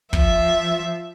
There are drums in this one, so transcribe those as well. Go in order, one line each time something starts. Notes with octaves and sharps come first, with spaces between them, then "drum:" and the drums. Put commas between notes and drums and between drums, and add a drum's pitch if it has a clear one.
F3 E5, drum: kick